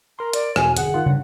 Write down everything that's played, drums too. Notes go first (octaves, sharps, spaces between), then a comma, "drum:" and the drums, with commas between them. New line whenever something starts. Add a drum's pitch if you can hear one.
A#4 A#5 C6
D5, drum: hi-hat
E2 B2 G#5, drum: rim click
G1 G#4 F#5, drum: hi-hat
D#3 F4
G2 C#3